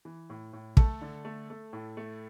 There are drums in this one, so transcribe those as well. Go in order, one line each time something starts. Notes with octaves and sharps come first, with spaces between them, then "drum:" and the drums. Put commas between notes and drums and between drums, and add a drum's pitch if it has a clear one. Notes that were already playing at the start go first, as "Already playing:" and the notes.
E3
A2
A2
A3 A4, drum: kick
D3
A3
A3
A2
A3